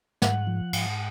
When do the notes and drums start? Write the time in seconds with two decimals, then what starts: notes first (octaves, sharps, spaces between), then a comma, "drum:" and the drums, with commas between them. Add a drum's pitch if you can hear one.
0.22 G#2 F#5, drum: snare
0.47 F3
0.73 G#2, drum: cymbal